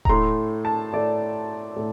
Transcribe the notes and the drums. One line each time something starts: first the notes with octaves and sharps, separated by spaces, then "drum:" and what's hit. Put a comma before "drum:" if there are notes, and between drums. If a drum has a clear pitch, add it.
A#5, drum: kick D#1
A2 A3 C6
A5
A2 A3 D5
A2 A3